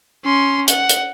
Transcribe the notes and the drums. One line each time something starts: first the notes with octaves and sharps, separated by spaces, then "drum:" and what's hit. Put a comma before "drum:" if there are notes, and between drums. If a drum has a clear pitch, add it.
C#4 C6
F#5, drum: hi-hat
drum: hi-hat